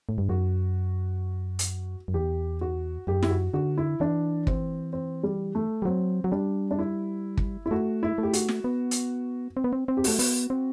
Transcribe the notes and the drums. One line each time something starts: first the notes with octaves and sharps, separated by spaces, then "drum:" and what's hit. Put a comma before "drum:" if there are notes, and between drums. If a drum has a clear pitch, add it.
A2
G2
F#2 F#4
drum: hi-hat
F#2
E2 G4
F#4
F#2 G4
E4, drum: snare
F#4
D3 F#4
E4
E3 D4
C4, drum: kick
C4
G3
A3
G3
F#3 C4
F#3
G3 D4
D4
E4
drum: kick
E4
A3 F#4
E4
A3 G4
F#4, drum: hi-hat
drum: snare
B3
drum: hi-hat
C4
B3
C4
C4
G4
A3 F#4, drum: open hi-hat
B3, drum: open hi-hat
C4